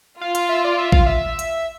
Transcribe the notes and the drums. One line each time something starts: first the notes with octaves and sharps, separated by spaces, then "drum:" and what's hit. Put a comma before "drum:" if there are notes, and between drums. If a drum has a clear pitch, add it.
F4 F5
F5, drum: hi-hat
E5
D5
E5
F5, drum: kick A1
E5
drum: hi-hat